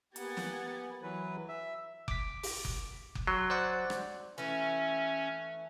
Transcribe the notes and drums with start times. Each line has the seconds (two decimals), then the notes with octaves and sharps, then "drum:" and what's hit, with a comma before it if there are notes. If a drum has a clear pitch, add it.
0.16 A#3 B3 G4 F#5 G#5 A6, drum: hi-hat
0.37 drum: snare
1.03 E3 F#3 B4
1.48 E5
2.08 D6 B6, drum: kick F#1
2.43 drum: open hi-hat
2.65 drum: kick F#1
3.15 drum: kick F#1
3.27 F#3 C6
3.50 C5 D5 F#5
3.90 drum: rim click
4.38 E3 A3 C#4